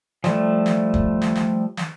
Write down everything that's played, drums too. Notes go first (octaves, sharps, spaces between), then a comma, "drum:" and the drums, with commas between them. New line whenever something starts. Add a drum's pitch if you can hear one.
F3 G3 A3, drum: snare
drum: snare
drum: kick
drum: snare
drum: snare
drum: snare